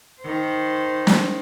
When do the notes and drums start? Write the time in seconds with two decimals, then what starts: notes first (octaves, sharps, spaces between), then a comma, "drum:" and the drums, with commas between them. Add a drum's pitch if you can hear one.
0.22 D#3 C5
1.07 drum: snare